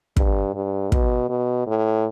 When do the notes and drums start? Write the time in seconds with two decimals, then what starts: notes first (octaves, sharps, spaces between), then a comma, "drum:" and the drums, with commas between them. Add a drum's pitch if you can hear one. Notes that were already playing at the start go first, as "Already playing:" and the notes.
0.17 G2, drum: kick
0.54 G2
0.92 B2, drum: kick
1.29 B2
1.67 A2